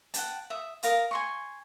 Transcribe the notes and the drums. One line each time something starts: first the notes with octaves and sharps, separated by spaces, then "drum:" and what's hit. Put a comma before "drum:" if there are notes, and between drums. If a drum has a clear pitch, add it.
F#5 G5 A5, drum: hi-hat
E5 D#6
A#4 F5 D#6, drum: hi-hat
G#5 C6 C#6